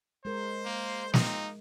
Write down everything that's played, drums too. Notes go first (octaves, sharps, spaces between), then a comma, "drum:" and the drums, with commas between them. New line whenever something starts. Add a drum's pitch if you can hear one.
G#3 A#4 C5
A#3
G#3 A#3 C4 D#4, drum: snare